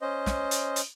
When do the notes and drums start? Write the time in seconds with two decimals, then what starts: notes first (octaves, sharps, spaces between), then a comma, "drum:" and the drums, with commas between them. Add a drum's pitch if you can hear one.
0.01 C#4 C5 D#5
0.26 drum: snare
0.51 drum: hi-hat
0.76 drum: hi-hat